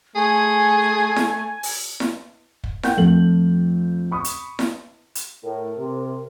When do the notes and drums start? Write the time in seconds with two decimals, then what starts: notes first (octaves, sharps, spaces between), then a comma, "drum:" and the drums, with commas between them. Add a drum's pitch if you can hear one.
0.16 A3 G#4 G#5
1.16 drum: snare E4
1.63 drum: open hi-hat
2.00 drum: snare E4
2.64 drum: kick
2.83 A#4 F#5 G5 G6, drum: snare E4
2.97 F2 F3 A3 F#7
4.12 B5 C#6 D#6
4.24 drum: hi-hat
4.59 drum: snare E4
5.15 drum: hi-hat
5.44 A2 A#4
5.78 C3